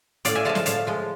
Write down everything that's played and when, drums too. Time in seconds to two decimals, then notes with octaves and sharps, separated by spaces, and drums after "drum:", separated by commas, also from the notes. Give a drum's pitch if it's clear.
0.25 A2 D5 F5, drum: hi-hat
0.35 E5 G#5
0.45 F3 G#3 F5 A5
0.55 F5 A5, drum: snare
0.66 A2 F5 A5, drum: hi-hat
0.87 F3 G#3